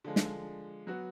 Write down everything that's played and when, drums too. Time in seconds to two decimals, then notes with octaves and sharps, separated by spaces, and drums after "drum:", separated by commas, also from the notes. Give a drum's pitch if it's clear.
0.04 D3 F3 G#3
0.16 drum: snare
0.87 F#3 B3 F#4